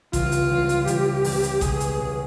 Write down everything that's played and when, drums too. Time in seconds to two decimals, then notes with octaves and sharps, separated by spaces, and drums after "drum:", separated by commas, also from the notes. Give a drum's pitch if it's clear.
0.13 C#2 C#3 E3 G3 C4 F4, drum: kick A1, hi-hat
0.32 drum: hi-hat
0.50 C#2 C#3 E3 G3 C4
0.69 drum: hi-hat
0.87 C#2 C#3 E3 G3 C4 G4, drum: hi-hat
1.24 C#2 C#3 E3 G3 C4, drum: open hi-hat
1.43 drum: hi-hat
1.61 C#2 B2 G#3 C#4 G#4, drum: kick A1, hi-hat
1.80 drum: hi-hat
1.99 C#2 B2 G#3 C#4